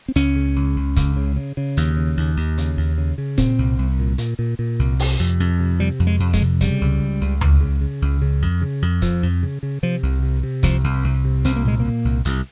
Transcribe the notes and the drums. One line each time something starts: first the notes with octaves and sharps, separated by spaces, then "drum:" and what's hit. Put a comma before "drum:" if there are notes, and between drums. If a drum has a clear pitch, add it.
C4
C#2 C#4, drum: hi-hat
C#3
C#2
C#2
C#2, drum: kick, hi-hat
C#3
C#3
C#3
D#2, drum: hi-hat
C#3
D#2
D#2
C#3, drum: hi-hat
D#2
C#3
C#3
A#2 C4, drum: kick, hi-hat
C2
C2
A#2
A#2, drum: hi-hat
A#2
A#2
C2
C3, drum: open hi-hat
F2
F2
C3
C3 G3
F2
G#3
F2
G#3, drum: kick, hi-hat
C3
C#3 G3, drum: kick, hi-hat
C#2
C#2
C#2
C#2, drum: tom D2
C#3
C#3
C#2
C#3
F2
C#3
F2
F2 F3, drum: kick, hi-hat
F2
C#3
C#3
C3 F3
C2
C3
C3
C2 F3, drum: kick, hi-hat
C2
C2
C3
C2 C4, drum: hi-hat
A#3
A#2 G#3
A#2 A#3
C2
C2, drum: hi-hat